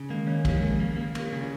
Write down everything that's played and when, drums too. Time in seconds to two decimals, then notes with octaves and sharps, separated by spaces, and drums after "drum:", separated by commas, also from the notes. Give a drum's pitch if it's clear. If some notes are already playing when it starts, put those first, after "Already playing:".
Already playing: C#3
0.09 D#3 G#3 A#3
0.27 D#3 C#4
0.45 F3 A#3, drum: kick, cymbal
0.59 C#3 G#3
0.71 F3
0.80 A#3
0.97 A#3
1.15 A#3, drum: cymbal
1.32 C#3